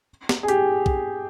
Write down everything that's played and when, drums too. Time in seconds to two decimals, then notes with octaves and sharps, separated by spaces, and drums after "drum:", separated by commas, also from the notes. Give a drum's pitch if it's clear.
0.29 drum: snare
0.43 G#4
0.48 G4, drum: hi-hat
0.86 drum: kick